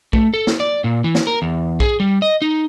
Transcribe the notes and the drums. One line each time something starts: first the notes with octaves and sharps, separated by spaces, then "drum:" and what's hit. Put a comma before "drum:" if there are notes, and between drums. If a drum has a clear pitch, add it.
A3, drum: kick
A4
drum: snare
D5
A#2
E3
drum: snare
A#4
E2
G#4, drum: kick
G3
D#5
D#4